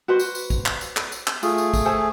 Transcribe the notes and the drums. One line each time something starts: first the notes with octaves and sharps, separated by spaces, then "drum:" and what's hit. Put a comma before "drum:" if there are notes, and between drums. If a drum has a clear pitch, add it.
F#4 B4 C5
drum: tambourine
drum: tambourine
drum: kick, tambourine
drum: clap
drum: tambourine
drum: clap
drum: tambourine
drum: clap
A3 F4 G#4, drum: tambourine
drum: tambourine
drum: kick, tambourine
A4 C5 G#5